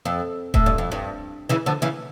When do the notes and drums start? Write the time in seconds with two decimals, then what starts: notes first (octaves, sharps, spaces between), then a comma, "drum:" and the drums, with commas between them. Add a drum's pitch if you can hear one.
0.05 F2
0.54 A2, drum: kick D#1
0.66 G2
0.78 F2
0.92 G2
1.49 C#3 E3
1.66 D3 F3
1.82 C#3 E3